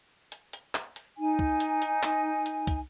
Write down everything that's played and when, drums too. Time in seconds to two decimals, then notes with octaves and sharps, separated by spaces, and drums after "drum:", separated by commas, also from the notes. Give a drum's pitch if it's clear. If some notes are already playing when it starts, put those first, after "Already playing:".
0.32 drum: hi-hat
0.53 drum: hi-hat
0.75 drum: clap
0.96 drum: hi-hat
1.18 D#4 G#5
1.39 drum: kick
1.60 drum: hi-hat
1.82 drum: hi-hat
2.03 drum: clap
2.46 drum: hi-hat
2.67 drum: kick, hi-hat